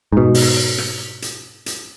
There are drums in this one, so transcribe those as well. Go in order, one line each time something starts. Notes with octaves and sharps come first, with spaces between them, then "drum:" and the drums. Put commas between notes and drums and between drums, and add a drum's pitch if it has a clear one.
G#2 B2
drum: open hi-hat
drum: rim click
drum: hi-hat
drum: hi-hat